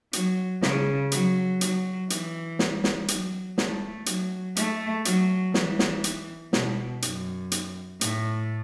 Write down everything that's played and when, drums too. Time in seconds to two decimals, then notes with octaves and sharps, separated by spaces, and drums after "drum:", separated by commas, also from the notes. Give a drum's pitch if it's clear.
0.13 F#3, drum: hi-hat
0.62 C#3, drum: snare
1.12 F#3, drum: hi-hat
1.61 F#3, drum: hi-hat
2.10 E3, drum: hi-hat
2.59 drum: snare
2.84 drum: snare
3.08 F#3, drum: hi-hat
3.58 A3, drum: snare
4.06 F#3, drum: hi-hat
4.56 A3, drum: hi-hat
5.05 F#3, drum: hi-hat
5.54 E3, drum: snare
5.79 drum: snare
6.04 drum: hi-hat
6.53 B2, drum: snare
7.02 F#2, drum: hi-hat
7.52 drum: hi-hat
8.01 A2, drum: hi-hat